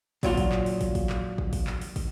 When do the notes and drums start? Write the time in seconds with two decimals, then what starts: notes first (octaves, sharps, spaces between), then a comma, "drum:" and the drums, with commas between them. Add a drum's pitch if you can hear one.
0.23 A#2 F#3 F4, drum: kick, open hi-hat
0.37 drum: kick, open hi-hat
0.52 drum: clap
0.66 drum: open hi-hat
0.81 drum: kick, open hi-hat
0.95 drum: kick, open hi-hat
1.09 drum: clap
1.38 drum: kick
1.53 drum: kick, open hi-hat
1.67 drum: clap
1.82 drum: open hi-hat
1.96 drum: kick, open hi-hat